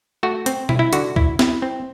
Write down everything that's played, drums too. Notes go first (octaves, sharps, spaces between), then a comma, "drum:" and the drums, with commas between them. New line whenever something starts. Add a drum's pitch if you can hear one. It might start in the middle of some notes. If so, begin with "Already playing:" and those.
A3 F#4
C4, drum: hi-hat
E4, drum: tom B2
E4
D3 F#4, drum: hi-hat
E4, drum: kick
E4, drum: snare
C4